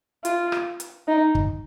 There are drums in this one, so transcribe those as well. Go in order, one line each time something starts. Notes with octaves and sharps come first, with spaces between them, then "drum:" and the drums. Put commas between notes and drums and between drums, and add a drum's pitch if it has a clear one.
F4, drum: hi-hat
drum: rim click
drum: hi-hat
D#4
drum: kick